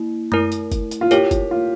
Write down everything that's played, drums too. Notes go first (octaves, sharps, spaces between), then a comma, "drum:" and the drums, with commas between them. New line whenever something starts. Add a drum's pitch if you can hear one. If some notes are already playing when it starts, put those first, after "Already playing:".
Already playing: A#3 E4
A3 E4 A#4, drum: tom F#2
drum: hi-hat
drum: kick, hi-hat
drum: hi-hat
F4
E4 G4 A#4 C#5, drum: hi-hat
drum: kick, hi-hat
F4